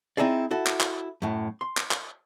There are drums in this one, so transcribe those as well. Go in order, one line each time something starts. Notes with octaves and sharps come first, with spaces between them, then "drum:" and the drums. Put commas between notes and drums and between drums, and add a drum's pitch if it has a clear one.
C4 D#4 E4 G#4 D5
E4 F#4 A4
drum: clap
drum: clap
F#2 A2
C6
drum: clap
drum: clap